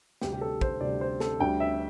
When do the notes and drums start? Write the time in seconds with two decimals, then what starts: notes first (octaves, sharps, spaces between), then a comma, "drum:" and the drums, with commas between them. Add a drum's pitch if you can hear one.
0.22 D2 C3 G3 G4, drum: snare
0.33 G4
0.41 A4
0.61 C5, drum: kick
0.81 D2 C3 G3 D5
1.01 C5
1.20 A4, drum: snare
1.40 D2 D3 G3 G5
1.60 E5